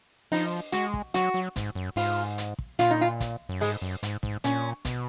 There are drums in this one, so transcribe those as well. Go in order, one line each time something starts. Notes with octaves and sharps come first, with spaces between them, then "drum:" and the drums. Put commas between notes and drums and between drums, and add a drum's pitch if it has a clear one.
F3 D#4, drum: open hi-hat
G#3 F#4, drum: hi-hat
drum: kick
F#3 F#4, drum: hi-hat
F#3
G#2, drum: kick, hi-hat
F#2
G#2 F4, drum: open hi-hat
drum: hi-hat
drum: kick
A#2 F4, drum: hi-hat
D#4
F4
drum: kick, hi-hat
F#2
G#2 G#3, drum: open hi-hat
F#2
G#2, drum: hi-hat
G#2, drum: kick
A#2 C#4, drum: hi-hat
B2, drum: kick, hi-hat